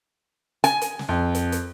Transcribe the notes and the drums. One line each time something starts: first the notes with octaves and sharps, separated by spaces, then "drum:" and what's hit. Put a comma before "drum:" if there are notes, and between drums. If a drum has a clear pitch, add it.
G#5, drum: hi-hat
drum: hi-hat
drum: snare
F2
drum: hi-hat
drum: hi-hat